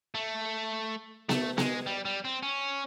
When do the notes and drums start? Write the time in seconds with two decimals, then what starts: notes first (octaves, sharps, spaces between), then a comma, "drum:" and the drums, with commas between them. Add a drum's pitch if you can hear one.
0.15 A3
1.29 A3, drum: snare B3
1.58 G#3, drum: snare B3
1.86 G3
2.05 G3
2.25 C4
2.43 C#4